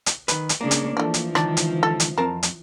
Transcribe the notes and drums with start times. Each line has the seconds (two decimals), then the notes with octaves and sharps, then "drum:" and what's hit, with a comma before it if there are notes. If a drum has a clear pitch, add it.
0.06 drum: hi-hat
0.28 D#3 B4, drum: hi-hat
0.49 drum: hi-hat
0.61 C#3 G#3 A#3 D4
0.71 drum: hi-hat
0.97 E3 F3 A3 D4
1.14 drum: hi-hat
1.35 C#2 D#3 D4, drum: rim click
1.57 drum: hi-hat
1.83 A4
2.00 drum: hi-hat
2.18 F2 C4 A#4 A5
2.43 drum: hi-hat